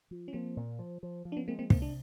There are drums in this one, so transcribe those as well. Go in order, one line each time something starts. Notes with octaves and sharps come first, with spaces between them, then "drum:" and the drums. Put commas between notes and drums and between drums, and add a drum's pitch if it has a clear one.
F3
C#4
F3 A#3 C4
A#2
F3
F3
F3
D4
B3 C#4
G#3 A#3 C4
A#3 C4
C3 A#3 C4, drum: kick
D4